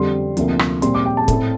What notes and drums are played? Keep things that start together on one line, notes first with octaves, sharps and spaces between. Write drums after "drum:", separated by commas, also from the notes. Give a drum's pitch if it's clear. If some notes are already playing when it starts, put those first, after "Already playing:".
Already playing: F2 D3 G3 C4 C6
D2 C3 F3 A#3, drum: hi-hat
drum: rim click
A#2 G3 C4 C6, drum: hi-hat
D6
G5
A5
A2 A3 C4, drum: kick, hi-hat